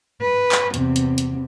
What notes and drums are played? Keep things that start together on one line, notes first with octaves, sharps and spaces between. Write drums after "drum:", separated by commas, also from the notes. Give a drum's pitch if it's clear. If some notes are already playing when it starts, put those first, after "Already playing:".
B4
drum: clap
E2 C3, drum: hi-hat
drum: hi-hat
drum: hi-hat